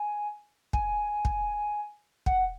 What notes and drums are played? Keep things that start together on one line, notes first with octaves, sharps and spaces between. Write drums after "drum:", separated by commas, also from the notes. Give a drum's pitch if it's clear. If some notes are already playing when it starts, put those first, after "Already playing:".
Already playing: G#5
G#5, drum: kick
drum: kick
F#5, drum: kick